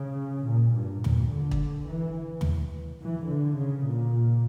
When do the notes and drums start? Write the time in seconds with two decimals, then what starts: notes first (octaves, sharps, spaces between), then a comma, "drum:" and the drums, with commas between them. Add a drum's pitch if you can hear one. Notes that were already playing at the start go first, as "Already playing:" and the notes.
Already playing: C#3
0.48 A#2
0.76 G2
1.04 A#2, drum: tom
1.32 D3
1.51 drum: kick
1.88 E3
2.41 drum: tom
3.02 E3
3.29 D3
3.57 C#3
3.87 A#2